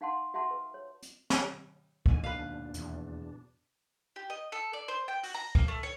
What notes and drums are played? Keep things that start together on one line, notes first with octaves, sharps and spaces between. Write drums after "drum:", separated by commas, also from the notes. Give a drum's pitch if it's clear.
D#4 F5 F#5 A5 C6
F#4 E5 F#5 A5 C6
B4
C#5
drum: hi-hat
drum: snare
D#2 G#2 D3 G#5, drum: kick C#2
B2 D4 B4 F5
E2, drum: hi-hat
G4
D#5
A4
D5
C5
G5
F#4, drum: open hi-hat
A#5
A#3, drum: kick C#2
A3
C#5